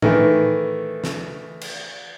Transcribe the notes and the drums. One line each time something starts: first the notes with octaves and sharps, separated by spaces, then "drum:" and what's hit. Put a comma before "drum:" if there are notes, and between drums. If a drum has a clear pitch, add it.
D#3 E3 A3, drum: tom A2
drum: snare
drum: cymbal